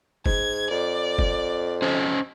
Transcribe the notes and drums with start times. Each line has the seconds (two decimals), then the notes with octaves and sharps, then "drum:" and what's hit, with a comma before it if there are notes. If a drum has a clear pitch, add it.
0.26 G#2 G#6, drum: kick
0.71 F2 D5
1.19 drum: kick
1.82 C#4 C5 D#5